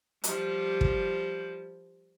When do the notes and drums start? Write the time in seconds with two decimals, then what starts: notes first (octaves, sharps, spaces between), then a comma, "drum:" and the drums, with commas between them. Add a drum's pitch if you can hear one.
0.24 F3 G3, drum: hi-hat
0.81 drum: kick